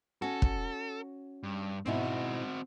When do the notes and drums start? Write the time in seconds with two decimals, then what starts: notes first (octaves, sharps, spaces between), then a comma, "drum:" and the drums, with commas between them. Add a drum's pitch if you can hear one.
0.22 C#4 F#4 A4
0.42 drum: kick
1.43 G2
1.86 G#2 B2 C4 E4 F#4